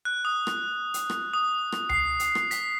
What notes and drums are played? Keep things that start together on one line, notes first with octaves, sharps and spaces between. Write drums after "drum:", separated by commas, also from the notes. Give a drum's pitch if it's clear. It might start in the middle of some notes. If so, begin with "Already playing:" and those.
F#6
D#6
drum: rim click
drum: hi-hat
drum: rim click
D#6
drum: rim click
C7, drum: tom C#2
drum: hi-hat
drum: rim click
B6, drum: hi-hat